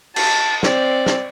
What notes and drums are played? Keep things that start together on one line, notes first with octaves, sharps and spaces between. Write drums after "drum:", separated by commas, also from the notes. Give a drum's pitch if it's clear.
A5, drum: cymbal
C4 D5, drum: snare
drum: snare